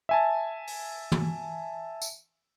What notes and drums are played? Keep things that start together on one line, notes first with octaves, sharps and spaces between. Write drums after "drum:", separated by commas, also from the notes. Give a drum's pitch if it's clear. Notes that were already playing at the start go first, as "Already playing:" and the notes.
E5 G#5 A5
drum: open hi-hat
drum: tom
drum: tambourine